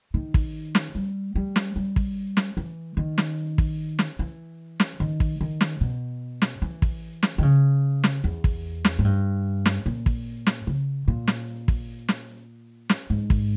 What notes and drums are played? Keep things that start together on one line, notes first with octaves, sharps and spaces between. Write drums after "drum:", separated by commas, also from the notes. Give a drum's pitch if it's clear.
D#3
drum: kick
drum: snare
G3
G3
drum: snare
G3
drum: kick
drum: snare
E3
D#3
drum: snare
drum: kick
drum: snare
E3
drum: snare
D#3
drum: kick
D#3
drum: snare
B2
drum: snare
E3
drum: kick
drum: snare
D#3
C#3
drum: snare
E2
drum: kick
drum: snare
G#2
G2
drum: snare
A#2
drum: kick
drum: snare
C#3
A#2
drum: snare
drum: kick
drum: snare
drum: snare
G#2
drum: kick